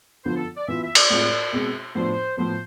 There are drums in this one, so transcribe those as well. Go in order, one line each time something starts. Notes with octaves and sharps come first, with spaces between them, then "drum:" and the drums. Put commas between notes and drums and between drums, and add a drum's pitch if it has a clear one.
D3 F3 B3 F4 C5
A4
D5
E3 B3 F4 E5
E5
D5, drum: cymbal
A2 G#3 C4 F4
B2 G#3 C4
A2 F3 B3 D4 F4 C5
A2 F3 B3 C5